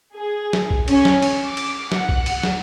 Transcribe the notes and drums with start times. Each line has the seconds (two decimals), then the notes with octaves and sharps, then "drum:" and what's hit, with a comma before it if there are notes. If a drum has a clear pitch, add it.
0.13 G#4
0.53 drum: snare
0.71 drum: kick B1
0.88 C#4, drum: cymbal
1.05 drum: snare
1.22 drum: cymbal
1.45 D6
1.57 drum: cymbal
1.92 F#5, drum: snare
2.09 drum: kick B1
2.26 drum: cymbal
2.43 drum: snare